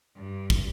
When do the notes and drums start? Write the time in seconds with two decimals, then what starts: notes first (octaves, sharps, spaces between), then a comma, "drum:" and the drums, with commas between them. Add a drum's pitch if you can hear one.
0.16 G2
0.50 drum: kick